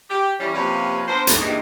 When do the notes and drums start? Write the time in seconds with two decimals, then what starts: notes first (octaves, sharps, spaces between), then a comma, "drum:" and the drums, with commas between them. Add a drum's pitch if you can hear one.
0.10 G4
0.40 E3 G3 C#4
0.54 C3 F3 A#3 C#4 G4 B4
1.08 B3 D4 A#4 C5
1.27 A2, drum: hi-hat
1.40 G2 A#2 E3 G#3 D#4